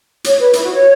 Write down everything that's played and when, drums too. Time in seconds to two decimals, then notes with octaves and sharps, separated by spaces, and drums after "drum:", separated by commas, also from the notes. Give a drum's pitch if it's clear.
0.24 C#5, drum: hi-hat
0.39 B4
0.53 E4, drum: hi-hat
0.63 F#4
0.72 C#5